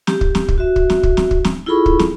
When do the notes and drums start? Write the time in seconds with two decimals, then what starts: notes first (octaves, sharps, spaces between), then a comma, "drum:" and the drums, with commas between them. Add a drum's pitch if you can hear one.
0.07 G4, drum: snare
0.21 drum: kick
0.35 drum: snare
0.48 drum: kick
0.58 F#4 E5
0.76 drum: kick
0.90 drum: snare
1.03 drum: kick
1.17 drum: snare
1.31 drum: kick
1.45 drum: snare
1.66 E4 F4 G#4 A4 B5 C#6
1.86 drum: kick
1.99 drum: snare